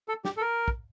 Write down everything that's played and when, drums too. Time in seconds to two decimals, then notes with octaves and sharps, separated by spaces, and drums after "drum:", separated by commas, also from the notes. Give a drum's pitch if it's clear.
0.08 A4
0.25 G4, drum: snare
0.37 A4
0.41 A#4
0.68 drum: kick